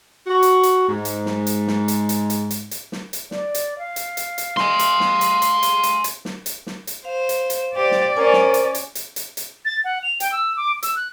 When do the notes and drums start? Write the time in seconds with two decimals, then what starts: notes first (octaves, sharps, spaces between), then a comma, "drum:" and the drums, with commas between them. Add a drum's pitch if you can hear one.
0.27 F#4
0.43 drum: hi-hat
0.63 drum: hi-hat
0.88 G#2
1.05 drum: hi-hat
1.26 drum: snare
1.47 drum: hi-hat
1.67 drum: snare
1.88 drum: hi-hat
2.09 drum: hi-hat
2.30 drum: hi-hat
2.51 drum: hi-hat
2.71 drum: hi-hat
2.92 drum: snare
3.13 drum: hi-hat
3.31 D5, drum: snare
3.55 drum: hi-hat
3.79 F5
3.96 drum: hi-hat
4.17 drum: hi-hat
4.38 drum: hi-hat
4.57 G#5 C6, drum: snare
4.79 drum: hi-hat
5.00 drum: snare
5.21 drum: hi-hat
5.42 drum: hi-hat
5.63 drum: hi-hat
5.83 drum: hi-hat
6.04 drum: hi-hat
6.25 drum: snare
6.46 drum: hi-hat
6.67 drum: snare
6.87 drum: hi-hat
7.05 C5 F5
7.29 drum: hi-hat
7.50 drum: hi-hat
7.77 G4 C5 D5
7.91 drum: snare
8.17 C#4 A#4 C5 G#5
8.33 drum: snare
8.54 drum: hi-hat
8.75 drum: hi-hat
8.95 drum: hi-hat
9.16 drum: hi-hat
9.37 drum: hi-hat
9.65 A6
9.84 F#5
10.03 F7
10.20 G5, drum: hi-hat
10.32 E6
10.57 D6
10.83 E6, drum: hi-hat
10.96 F#6